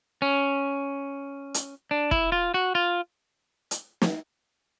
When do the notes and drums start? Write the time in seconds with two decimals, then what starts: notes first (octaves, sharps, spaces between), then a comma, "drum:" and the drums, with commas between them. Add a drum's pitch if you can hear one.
0.22 C#4
1.54 drum: hi-hat
1.91 D4
2.11 E4, drum: kick
2.32 F4
2.54 F#4
2.75 F4
3.71 drum: hi-hat
4.02 drum: snare